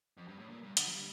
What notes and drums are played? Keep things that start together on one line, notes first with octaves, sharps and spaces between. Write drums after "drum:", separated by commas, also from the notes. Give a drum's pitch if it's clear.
F2
G2
A2
A#2
G2
D3, drum: hi-hat
F3
G3